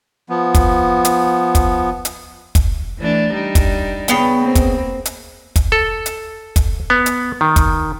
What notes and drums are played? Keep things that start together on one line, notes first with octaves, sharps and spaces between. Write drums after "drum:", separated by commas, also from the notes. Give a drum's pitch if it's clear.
F3 B3
drum: kick, hi-hat
drum: hi-hat
drum: kick, hi-hat
drum: hi-hat
drum: kick, hi-hat
E3 A3 D4
G3 D4 D#4
drum: kick, hi-hat
C#3 B3 G5, drum: hi-hat
A#3 C4
drum: kick, hi-hat
drum: hi-hat
drum: kick, hi-hat
A4
drum: hi-hat
drum: kick, hi-hat
B3
drum: hi-hat
D#3
drum: kick, hi-hat